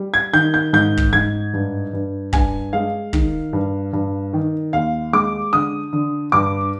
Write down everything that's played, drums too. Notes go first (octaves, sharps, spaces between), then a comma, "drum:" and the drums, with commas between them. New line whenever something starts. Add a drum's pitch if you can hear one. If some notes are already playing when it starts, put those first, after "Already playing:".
Already playing: G3
G#6
D#3 G6
G6
G#2 G6
drum: kick
G#2 G#6
G2
G2
G2 G#5, drum: kick
G#3 F5
D#3, drum: kick
G2
G2
D#3
D#2 F5
G#3 D6
D3 D#6
D3
G2 D6